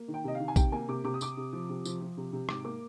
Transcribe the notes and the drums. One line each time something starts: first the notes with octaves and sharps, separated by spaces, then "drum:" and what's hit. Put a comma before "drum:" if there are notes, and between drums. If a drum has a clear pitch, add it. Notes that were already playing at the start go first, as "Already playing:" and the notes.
Already playing: A#3
D#3
G5
C3 D#5
D#3 F5
G#5
C3 G5, drum: kick A#1, tambourine
A#3 G#5
C3 D6
C3 D6
D#6
C3 D6, drum: tambourine
C3
F3
C3
F3, drum: tambourine
F3
C3
C3
G#2 D6, drum: rim click
A#3 D6